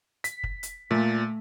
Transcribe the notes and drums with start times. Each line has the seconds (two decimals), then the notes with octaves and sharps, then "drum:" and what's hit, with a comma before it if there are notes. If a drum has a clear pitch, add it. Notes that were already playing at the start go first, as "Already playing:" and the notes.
0.24 B6, drum: hi-hat
0.44 drum: kick
0.63 drum: hi-hat
0.91 A#2 A3 B6